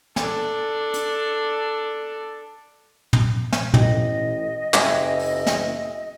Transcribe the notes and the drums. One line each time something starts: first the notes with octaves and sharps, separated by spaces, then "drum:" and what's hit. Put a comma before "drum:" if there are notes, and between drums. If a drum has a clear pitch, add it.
D4 A4, drum: snare
drum: hi-hat
drum: tom
drum: snare
A1 D#5 G5, drum: tom
F#1 E5 G5 G#5, drum: clap
drum: open hi-hat
drum: snare